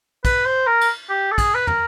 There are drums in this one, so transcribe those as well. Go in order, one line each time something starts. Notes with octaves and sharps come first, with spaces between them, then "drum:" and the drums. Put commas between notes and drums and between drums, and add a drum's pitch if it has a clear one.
B4, drum: kick, cymbal
C5
A#4
drum: cymbal
G4
A4
G#4, drum: kick, cymbal
B4
A#4, drum: tom